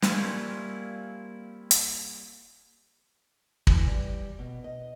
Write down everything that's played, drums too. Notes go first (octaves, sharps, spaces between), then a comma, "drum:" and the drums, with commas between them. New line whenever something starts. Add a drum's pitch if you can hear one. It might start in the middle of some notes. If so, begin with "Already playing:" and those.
G3 A#3 C4 C#4 E4 F4, drum: snare
drum: hi-hat
E3, drum: kick
G3
B2
D#5